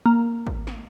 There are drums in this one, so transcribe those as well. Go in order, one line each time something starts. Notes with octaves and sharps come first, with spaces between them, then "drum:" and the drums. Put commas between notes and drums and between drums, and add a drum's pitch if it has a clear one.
A#3
drum: kick
drum: snare